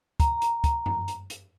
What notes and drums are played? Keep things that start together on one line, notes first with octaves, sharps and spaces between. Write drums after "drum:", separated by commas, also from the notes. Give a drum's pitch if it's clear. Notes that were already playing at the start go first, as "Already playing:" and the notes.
A#5, drum: kick, hi-hat
drum: hi-hat
drum: kick, hi-hat
drum: tom F#2
drum: hi-hat
drum: hi-hat